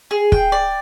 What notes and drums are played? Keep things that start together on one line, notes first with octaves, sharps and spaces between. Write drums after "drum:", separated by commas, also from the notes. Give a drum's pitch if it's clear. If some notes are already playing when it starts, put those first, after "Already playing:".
G#4
G5, drum: kick
D5